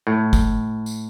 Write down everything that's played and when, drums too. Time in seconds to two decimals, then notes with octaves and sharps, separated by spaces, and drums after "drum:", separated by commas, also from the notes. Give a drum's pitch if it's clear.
0.07 A2
0.33 drum: kick, tambourine
0.86 drum: tambourine